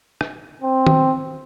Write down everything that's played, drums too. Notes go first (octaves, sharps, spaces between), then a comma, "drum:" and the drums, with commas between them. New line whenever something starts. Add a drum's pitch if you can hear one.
drum: rim click
C4
drum: tom